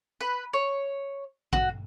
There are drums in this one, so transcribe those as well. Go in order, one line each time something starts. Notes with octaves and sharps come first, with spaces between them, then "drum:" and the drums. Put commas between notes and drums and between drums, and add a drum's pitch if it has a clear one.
B4
C#5
F#4, drum: kick